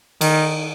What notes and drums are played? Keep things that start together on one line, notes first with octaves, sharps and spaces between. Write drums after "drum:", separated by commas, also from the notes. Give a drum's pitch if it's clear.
D#3, drum: cymbal